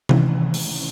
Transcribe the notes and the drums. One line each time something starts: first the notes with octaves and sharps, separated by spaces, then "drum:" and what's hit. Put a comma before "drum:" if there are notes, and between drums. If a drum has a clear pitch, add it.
C3 D#3 E3 C#4, drum: tom C3
drum: open hi-hat